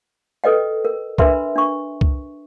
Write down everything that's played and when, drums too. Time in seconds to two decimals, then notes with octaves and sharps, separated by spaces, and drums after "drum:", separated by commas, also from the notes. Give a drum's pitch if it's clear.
0.44 A4 B4 D#5 G5
0.85 A#4
1.18 D4 A#4 B4 E5 B5 C6, drum: kick C2
1.56 D4 C#6
2.01 drum: kick C2